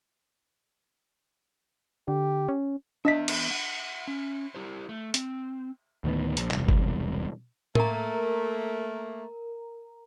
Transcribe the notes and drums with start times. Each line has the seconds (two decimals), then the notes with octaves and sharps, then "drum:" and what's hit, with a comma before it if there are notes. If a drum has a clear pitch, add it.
2.08 D3 G4
2.49 C#4
3.05 B3 D4 D#5 E5 B6
3.28 drum: cymbal
3.51 F#5
4.08 C#4
4.55 E4 G4 C5
4.89 A3
5.14 C4, drum: hi-hat
6.04 D2 A2 D#3 B3
6.37 A#1, drum: hi-hat
6.51 E1 C2, drum: clap
6.69 drum: kick G1
7.75 A3 A#3 A#4 A#5, drum: tom A2